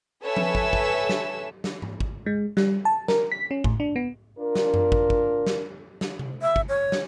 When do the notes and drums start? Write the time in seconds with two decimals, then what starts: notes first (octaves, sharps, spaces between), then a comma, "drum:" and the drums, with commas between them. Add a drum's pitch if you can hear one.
0.23 A4 B4 C#5 E5 G#5 E6
0.37 drum: tom F3
0.55 drum: kick
0.73 drum: kick
1.09 drum: snare
1.64 drum: snare
1.82 drum: tom G#2
2.00 drum: kick
2.26 G#3
2.57 G3, drum: snare
2.85 A5
3.08 A#4, drum: snare
3.32 B6
3.51 C#4
3.64 A2, drum: kick
3.80 D4
3.96 B3
4.39 D4 F4 A#4
4.55 drum: snare
4.74 drum: tom F#2
4.92 drum: kick
5.10 drum: kick
5.47 drum: snare
6.01 drum: snare
6.19 drum: tom C3
6.42 E5
6.56 drum: kick
6.69 C#5
6.92 drum: snare